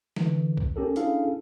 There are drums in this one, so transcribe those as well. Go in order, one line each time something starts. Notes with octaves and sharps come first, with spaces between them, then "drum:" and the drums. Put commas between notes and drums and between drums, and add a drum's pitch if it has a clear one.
D3 E3, drum: snare
drum: kick B1
C#4 G4 A4 A#4
C#4 D4 E4 G#4 A4 F5, drum: hi-hat